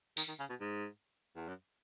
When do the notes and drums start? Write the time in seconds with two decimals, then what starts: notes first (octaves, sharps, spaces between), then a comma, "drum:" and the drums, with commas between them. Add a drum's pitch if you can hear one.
0.17 D#3, drum: tambourine
0.28 D#3
0.39 C#3
0.50 B2
0.60 G#2
1.36 E2
1.48 F#2